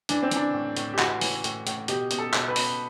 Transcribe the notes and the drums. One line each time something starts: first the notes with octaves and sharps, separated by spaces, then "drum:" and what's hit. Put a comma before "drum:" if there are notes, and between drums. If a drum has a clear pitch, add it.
E3 D4, drum: hi-hat
C4
E3 D4, drum: hi-hat
A2
A2, drum: hi-hat
G4
E3 F#4, drum: clap
E3, drum: open hi-hat
A2, drum: hi-hat
A2, drum: hi-hat
B2 G4, drum: hi-hat
B2, drum: hi-hat
A4
B2, drum: clap
B4
B2, drum: open hi-hat